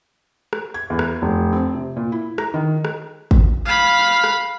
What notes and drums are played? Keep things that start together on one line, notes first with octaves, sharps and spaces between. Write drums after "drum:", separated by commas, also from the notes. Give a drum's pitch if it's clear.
drum: rim click
G#6
E2
drum: rim click
F1
C4
C3
A#2
E4
A#5, drum: rim click
D#3
drum: rim click
drum: kick
F5 B5
drum: rim click